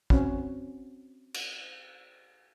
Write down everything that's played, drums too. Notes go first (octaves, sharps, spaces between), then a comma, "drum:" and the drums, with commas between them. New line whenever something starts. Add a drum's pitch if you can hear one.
C4 C#4 F#4, drum: kick
drum: cymbal